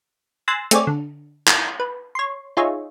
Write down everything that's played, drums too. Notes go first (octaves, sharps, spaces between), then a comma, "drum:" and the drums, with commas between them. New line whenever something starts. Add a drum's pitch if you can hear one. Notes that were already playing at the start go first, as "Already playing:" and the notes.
G#5 C6 E6 F#6 A6 A#6
A3 C4 G#4 C#5 D5, drum: hi-hat
D3
drum: clap
B4
C#5 C6
D#4 F4 G#4 C#5 E5